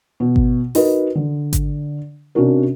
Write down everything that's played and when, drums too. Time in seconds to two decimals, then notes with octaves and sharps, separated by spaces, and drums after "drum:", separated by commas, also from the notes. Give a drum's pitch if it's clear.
0.20 B2
0.36 drum: kick G#1
0.75 D#4 F#4 A#4 B4 D#5, drum: open hi-hat
1.15 D3
1.53 drum: kick G#1, hi-hat
2.35 C3 C#4 D4 F#4 A#4